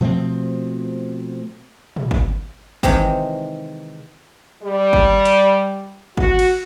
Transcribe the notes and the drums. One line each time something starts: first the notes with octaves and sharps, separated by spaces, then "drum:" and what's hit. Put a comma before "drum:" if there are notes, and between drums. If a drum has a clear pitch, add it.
B2 F3 A3 C4
drum: tom A#2
drum: kick G#1
C3 D#3 E3 G#3 C4 G4, drum: kick G#1
G3
drum: kick G#1
drum: hi-hat
F#4, drum: kick G#1
drum: cymbal